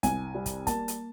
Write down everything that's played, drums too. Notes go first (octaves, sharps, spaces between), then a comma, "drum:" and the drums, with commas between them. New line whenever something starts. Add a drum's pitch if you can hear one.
C2 G#5, drum: kick, hi-hat
G3
drum: kick, hi-hat
A#3 A5, drum: kick, hi-hat
drum: hi-hat